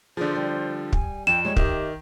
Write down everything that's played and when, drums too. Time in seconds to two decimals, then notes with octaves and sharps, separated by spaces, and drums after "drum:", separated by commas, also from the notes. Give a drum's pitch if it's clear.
0.17 D3 F3 G#4 C5 D5
0.36 G3
0.93 G#5, drum: kick
1.27 F2 G5 E7
1.45 G3 G#3 C#5
1.56 D#3 G4 D#5 E5, drum: kick